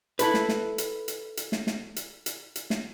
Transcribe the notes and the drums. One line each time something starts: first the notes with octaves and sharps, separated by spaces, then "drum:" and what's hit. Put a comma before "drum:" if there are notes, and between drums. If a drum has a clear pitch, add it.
E4 A4 B4, drum: hi-hat
drum: snare
drum: snare
drum: hi-hat
drum: hi-hat
drum: hi-hat
drum: snare
drum: snare
drum: hi-hat
drum: hi-hat
drum: hi-hat
drum: snare